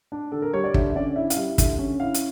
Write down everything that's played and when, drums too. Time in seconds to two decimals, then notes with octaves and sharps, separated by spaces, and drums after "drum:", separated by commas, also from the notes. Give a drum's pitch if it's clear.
0.12 D4
0.32 D3 A4
0.42 A#4
0.53 G3 C#5
0.64 D5
0.74 D3 E5, drum: kick
0.90 E5
0.96 C#4 D5
1.16 E4 E5
1.30 F5, drum: hi-hat
1.37 G3 E5
1.58 D3 E5, drum: kick, hi-hat
1.79 C#4
2.00 E4 F5
2.14 drum: hi-hat